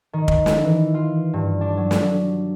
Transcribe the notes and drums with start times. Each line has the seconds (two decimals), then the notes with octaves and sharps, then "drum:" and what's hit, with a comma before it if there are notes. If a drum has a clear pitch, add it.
0.13 D#3
0.28 drum: kick
0.46 drum: snare
0.64 E3
0.94 F4
1.33 G2
1.61 D4
1.77 F#3
1.91 drum: snare